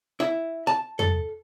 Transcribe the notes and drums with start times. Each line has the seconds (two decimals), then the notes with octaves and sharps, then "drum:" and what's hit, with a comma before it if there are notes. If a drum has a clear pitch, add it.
0.20 E4
0.67 A5
0.99 A4, drum: tom